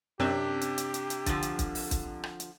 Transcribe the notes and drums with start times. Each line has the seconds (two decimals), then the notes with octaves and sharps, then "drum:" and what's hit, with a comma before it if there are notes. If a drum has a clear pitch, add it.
0.20 F#2 C3 C4 D4 G4
0.61 drum: hi-hat
0.78 drum: hi-hat
0.94 drum: hi-hat
1.10 drum: hi-hat
1.26 D3 F3, drum: kick, hi-hat
1.42 drum: hi-hat
1.59 drum: kick, hi-hat
1.75 drum: open hi-hat
1.91 drum: kick, hi-hat
2.24 drum: rim click
2.40 drum: hi-hat